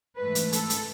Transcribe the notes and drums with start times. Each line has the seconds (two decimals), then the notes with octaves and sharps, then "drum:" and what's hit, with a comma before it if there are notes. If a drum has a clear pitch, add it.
0.17 G#2 E3 A3 B4
0.35 drum: hi-hat
0.53 A4, drum: hi-hat
0.70 drum: hi-hat